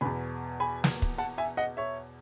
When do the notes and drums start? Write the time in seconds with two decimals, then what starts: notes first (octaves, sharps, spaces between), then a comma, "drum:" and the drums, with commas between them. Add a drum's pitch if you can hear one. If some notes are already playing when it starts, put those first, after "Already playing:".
0.01 E2 B2 G#5 B5
0.60 G#5 B5
0.84 drum: snare
1.02 drum: kick
1.18 F#5 A5
1.38 E5 G#5
1.57 D#5 F#5
1.77 C#5 E5